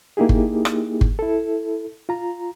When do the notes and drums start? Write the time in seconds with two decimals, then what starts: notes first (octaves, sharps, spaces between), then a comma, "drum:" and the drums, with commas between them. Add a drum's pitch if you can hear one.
0.17 A#3 D#4 E4 G4 G#4
0.29 drum: kick G1
0.65 drum: rim click
1.01 drum: kick G1
1.19 E4 A4
2.09 F4 A#5